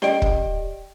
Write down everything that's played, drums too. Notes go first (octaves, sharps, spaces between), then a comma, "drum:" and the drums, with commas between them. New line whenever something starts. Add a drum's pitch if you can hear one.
G4 D5 D#5 G5 D7, drum: snare C#4
drum: kick